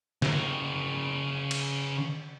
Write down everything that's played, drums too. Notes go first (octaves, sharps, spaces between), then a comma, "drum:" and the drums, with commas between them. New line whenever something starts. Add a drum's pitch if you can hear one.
C#3 A#4, drum: snare
drum: cymbal